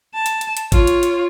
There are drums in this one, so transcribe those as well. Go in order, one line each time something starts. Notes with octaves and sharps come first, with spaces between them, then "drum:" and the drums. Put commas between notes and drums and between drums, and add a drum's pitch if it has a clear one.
A5
drum: hi-hat
drum: hi-hat
drum: hi-hat
F4 C#5, drum: kick G#1, hi-hat
drum: hi-hat
drum: hi-hat